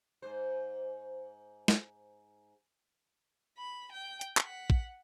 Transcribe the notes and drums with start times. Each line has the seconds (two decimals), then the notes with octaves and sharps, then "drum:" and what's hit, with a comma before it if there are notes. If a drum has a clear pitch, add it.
0.22 G#2 C5
1.68 drum: snare
3.58 B5
3.92 G5
4.21 drum: hi-hat
4.37 F#5 B6, drum: clap
4.70 drum: kick